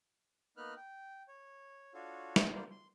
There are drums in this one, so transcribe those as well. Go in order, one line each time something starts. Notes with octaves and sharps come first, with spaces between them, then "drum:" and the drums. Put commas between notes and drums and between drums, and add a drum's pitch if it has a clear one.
A#3 B3 D#4 B4 F6 F#6
G5
C#5
D4 F4 F#4 A4 C#5
drum: snare
A#3 B3 F4 C5 D5
C6